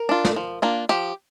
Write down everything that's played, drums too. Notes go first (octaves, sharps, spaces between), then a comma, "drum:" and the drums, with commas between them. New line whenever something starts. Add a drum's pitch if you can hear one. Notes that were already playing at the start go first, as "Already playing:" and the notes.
Already playing: A#4
D4 F4
drum: snare
F3
A#3 D4 F4
F3 G4